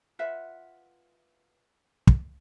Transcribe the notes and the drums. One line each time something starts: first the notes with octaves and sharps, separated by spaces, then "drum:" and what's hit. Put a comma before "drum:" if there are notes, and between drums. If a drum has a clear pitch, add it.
F4 B4 E5 F#5
drum: kick